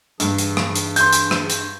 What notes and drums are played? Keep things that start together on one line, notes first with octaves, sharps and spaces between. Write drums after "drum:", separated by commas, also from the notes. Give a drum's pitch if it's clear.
G2 E3 D4 G#4, drum: hi-hat
drum: hi-hat
drum: rim click
drum: hi-hat
C6 G6, drum: hi-hat
drum: hi-hat
drum: rim click
drum: hi-hat